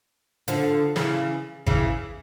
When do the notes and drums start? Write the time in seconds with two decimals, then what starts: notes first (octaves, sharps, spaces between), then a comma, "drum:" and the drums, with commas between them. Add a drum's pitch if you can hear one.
0.48 D3 F3, drum: hi-hat
0.96 C#3 E3, drum: snare
1.67 C#3 E3, drum: kick G#1